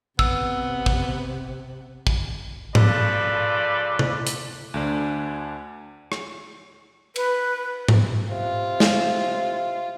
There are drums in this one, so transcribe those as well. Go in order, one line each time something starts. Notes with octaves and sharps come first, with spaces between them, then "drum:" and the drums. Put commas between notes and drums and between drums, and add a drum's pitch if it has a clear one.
C3 B3 E6, drum: kick
drum: kick
drum: kick
C#3 F3 A4 B4 D5 B5, drum: tom G#2
drum: tom C3
drum: hi-hat
D2 D3 D4
drum: rim click
B4, drum: cymbal
drum: tom G#2
C3 F4
drum: snare